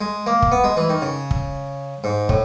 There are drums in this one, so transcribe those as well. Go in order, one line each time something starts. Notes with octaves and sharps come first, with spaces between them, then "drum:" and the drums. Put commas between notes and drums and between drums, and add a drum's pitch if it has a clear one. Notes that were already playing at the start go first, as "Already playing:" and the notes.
G#3
A#3
drum: kick
B3
G#3
E3
D#3
C#3
drum: kick
G#2
A2, drum: kick